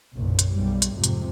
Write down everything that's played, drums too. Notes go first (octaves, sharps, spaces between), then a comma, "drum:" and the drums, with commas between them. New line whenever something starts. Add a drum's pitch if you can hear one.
F#1 B1 A#2
drum: hi-hat
B1 G#2 G3
drum: hi-hat
F2 G#2 C3
drum: hi-hat